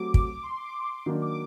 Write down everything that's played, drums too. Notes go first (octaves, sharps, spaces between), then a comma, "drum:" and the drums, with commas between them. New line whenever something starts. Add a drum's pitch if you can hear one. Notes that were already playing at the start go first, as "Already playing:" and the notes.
Already playing: F#3 A3 C4 G4 D6
D6, drum: kick
D6
C6
D6
D#3 F#3 A#3 D4
D6